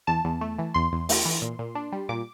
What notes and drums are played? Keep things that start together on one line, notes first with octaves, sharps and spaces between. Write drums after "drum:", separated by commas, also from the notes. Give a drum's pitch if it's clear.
E2 A5
E2
A3
E3
E2 C6
E2
A3, drum: open hi-hat
E3
A#2
A#2
D4
G3
A#2 D6